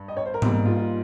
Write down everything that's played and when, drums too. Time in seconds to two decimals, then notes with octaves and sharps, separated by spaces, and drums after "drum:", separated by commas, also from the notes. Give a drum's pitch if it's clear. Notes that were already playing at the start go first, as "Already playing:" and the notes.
Already playing: G2
0.08 D#5
0.17 C#5
0.26 C5
0.34 A#4
0.42 G#2 G3 A#3, drum: tom G#2
0.65 F4
0.77 F4